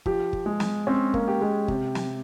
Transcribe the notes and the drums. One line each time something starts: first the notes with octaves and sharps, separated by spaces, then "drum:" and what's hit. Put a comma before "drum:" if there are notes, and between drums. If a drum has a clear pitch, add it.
F3 G4, drum: kick G1
drum: kick G1
G#3
drum: snare
C4 C#4
A#3, drum: kick G1
G4
G#3
C3, drum: kick G1
drum: snare